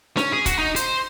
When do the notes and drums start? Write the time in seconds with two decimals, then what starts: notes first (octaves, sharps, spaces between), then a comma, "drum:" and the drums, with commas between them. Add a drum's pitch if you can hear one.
0.17 C#4, drum: snare
0.33 G#4
0.46 F#4, drum: kick, hi-hat
0.59 D#4
0.76 C5, drum: hi-hat